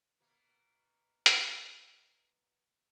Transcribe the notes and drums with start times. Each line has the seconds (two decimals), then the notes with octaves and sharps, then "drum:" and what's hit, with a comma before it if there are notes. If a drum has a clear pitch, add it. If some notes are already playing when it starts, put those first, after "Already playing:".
0.20 B2 A#3 B3
1.26 drum: hi-hat